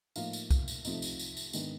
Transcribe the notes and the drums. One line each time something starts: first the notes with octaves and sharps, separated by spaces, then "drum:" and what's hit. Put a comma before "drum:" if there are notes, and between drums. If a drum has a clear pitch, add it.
A2 F3 A#3 D#4 F5, drum: tambourine
drum: tambourine
drum: kick C2, tambourine
drum: tambourine
C3 F3 A3 C4 D#4, drum: tambourine
drum: tambourine
drum: tambourine
drum: tambourine
G#2 D#3 G#3 B3 D4, drum: tambourine